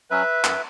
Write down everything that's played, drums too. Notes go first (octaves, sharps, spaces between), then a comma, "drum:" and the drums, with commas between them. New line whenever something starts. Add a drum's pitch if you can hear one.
F#3 C#4 B4 E5
F#2, drum: clap